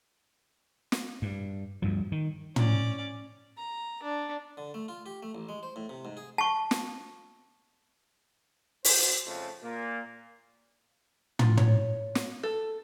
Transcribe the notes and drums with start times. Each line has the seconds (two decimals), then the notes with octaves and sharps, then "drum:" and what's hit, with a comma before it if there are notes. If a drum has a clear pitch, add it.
0.92 drum: snare
1.22 G2
1.82 D2 G2 F3
2.12 D#3
2.56 C#4 D5, drum: tom
3.57 A#5
4.03 D4
4.57 D3
4.74 A3
4.88 F4
5.06 G4
5.23 A3
5.35 A1
5.49 G#3
5.63 C5
5.76 A2
5.89 C3
6.05 G#2
6.17 G#4
6.38 A5 C#6
6.71 drum: snare
8.84 B1 F#4 C5, drum: open hi-hat
9.26 F2 C#3 F3 A3 C5
9.61 A#2 A#3
11.39 F4, drum: tom
11.57 C#5, drum: tom
12.15 drum: snare
12.43 A4